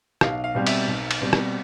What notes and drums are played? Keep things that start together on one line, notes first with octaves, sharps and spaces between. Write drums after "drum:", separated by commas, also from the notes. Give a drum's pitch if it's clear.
B1 F5, drum: rim click
F5
B2 G3 C4
E5, drum: cymbal
B1
drum: cymbal
B2 G3 C4
drum: rim click